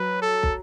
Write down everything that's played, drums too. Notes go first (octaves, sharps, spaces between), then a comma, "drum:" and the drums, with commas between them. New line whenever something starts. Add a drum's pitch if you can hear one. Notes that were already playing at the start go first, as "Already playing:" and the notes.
Already playing: F#3 B4
A4
drum: kick